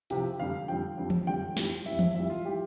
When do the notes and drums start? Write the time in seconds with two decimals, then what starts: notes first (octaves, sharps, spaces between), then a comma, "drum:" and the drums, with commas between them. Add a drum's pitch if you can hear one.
0.10 C2 C3 F3 G4, drum: hi-hat
0.40 F2 D3 G3 F5
0.68 F2 D3 G3 G5
0.98 F2 D3 G3
1.10 drum: tom E3
1.27 F2 D3 G3 G5
1.57 F2 E3 G3, drum: snare
1.86 F2 E3 G3 E5
1.99 drum: tom E3
2.15 F2 E3 G3 E5
2.30 F4
2.45 E3 G3 G4